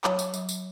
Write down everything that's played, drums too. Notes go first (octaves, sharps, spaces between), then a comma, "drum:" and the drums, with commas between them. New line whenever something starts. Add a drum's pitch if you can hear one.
F#3 C#5, drum: clap
drum: tambourine
F#3, drum: tambourine
drum: tambourine